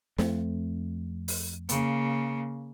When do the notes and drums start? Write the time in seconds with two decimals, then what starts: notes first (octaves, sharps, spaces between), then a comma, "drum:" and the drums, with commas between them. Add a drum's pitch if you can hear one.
0.18 F2 A3 C4, drum: snare
1.28 drum: open hi-hat
1.69 C#3 A#3, drum: hi-hat